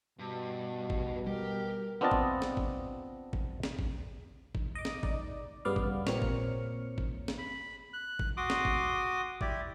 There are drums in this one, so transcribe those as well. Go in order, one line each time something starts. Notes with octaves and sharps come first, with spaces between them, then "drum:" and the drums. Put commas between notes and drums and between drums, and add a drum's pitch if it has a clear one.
G2 B2
drum: kick
G3 G4 A#4
B3 C4 D4 F4 D#5 A5
drum: kick
drum: snare
drum: kick
drum: kick
drum: snare
drum: kick
drum: kick
D#5 D6
drum: snare
D#4 D5, drum: kick
G2 C#3 B3 D5 F5
drum: kick
A#2 C4 C#5 A#5 F6 C#7, drum: snare
drum: kick
drum: kick
drum: snare
B5
F#6
drum: kick
F#4 C6 D6 D#6
drum: snare
drum: kick
E4 G4 D5, drum: kick